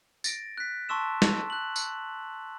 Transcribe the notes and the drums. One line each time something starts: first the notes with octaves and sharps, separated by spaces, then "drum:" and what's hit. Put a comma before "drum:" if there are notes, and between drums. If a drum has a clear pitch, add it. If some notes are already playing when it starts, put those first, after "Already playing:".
A6 A#6 D7, drum: tambourine
F#6 B6
A5 C6 C#6 E6 E7
drum: snare
F#6 F#7
drum: tambourine